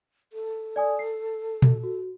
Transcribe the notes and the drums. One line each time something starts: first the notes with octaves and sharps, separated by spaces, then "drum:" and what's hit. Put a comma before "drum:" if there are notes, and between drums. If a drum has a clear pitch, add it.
A4
D5 G#5 D#6
C7
drum: tom A#2
F#4